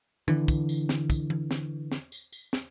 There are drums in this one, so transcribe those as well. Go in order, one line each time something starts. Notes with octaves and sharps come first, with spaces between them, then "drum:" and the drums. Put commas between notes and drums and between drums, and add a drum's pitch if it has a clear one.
D3 E3, drum: tom
drum: kick, tambourine
drum: tambourine
drum: snare
drum: kick, tambourine
drum: tom E3
drum: snare
drum: snare
drum: tambourine
drum: tambourine
drum: snare